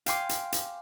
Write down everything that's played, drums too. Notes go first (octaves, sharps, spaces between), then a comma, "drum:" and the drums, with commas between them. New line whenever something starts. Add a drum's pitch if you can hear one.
F5 G5 G#5 C6 D6, drum: hi-hat
drum: hi-hat
drum: hi-hat